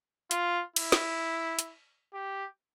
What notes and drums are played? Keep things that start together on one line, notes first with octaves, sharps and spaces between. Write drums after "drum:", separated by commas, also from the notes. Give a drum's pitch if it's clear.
F4, drum: hi-hat
E4, drum: cymbal
drum: snare
drum: hi-hat
G4